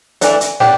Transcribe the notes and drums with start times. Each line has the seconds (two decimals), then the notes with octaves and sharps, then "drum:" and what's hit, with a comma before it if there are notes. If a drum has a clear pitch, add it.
0.21 E3 A3 D4 A4, drum: hi-hat
0.41 drum: hi-hat
0.60 B3 D4 G4, drum: snare